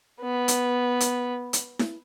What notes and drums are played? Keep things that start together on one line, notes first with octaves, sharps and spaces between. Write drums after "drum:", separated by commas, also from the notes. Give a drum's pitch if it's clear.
B3
drum: hi-hat
drum: hi-hat
drum: hi-hat
drum: snare E4